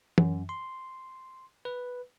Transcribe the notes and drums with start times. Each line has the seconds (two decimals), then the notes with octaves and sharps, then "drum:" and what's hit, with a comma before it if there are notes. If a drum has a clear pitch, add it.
0.18 F#2, drum: tom E3
0.49 C6
1.65 B4